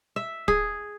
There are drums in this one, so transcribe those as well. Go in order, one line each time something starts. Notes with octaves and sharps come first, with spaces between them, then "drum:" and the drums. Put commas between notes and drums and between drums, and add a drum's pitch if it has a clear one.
E5
G#4, drum: kick